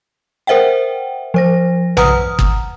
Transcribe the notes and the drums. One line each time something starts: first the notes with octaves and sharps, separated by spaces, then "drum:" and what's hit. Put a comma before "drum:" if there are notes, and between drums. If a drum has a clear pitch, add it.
A#4 C5 E5 F#5 G5
F3 C5 A#6
B4 F#5 A#5 D#6 F6, drum: tom B1
drum: kick